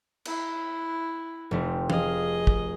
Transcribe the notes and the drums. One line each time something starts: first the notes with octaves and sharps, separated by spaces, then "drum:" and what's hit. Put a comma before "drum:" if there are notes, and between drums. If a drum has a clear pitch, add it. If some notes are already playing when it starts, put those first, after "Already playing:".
E4, drum: cymbal
F1 A3 C4
G#4 D#5 F5, drum: tom
drum: kick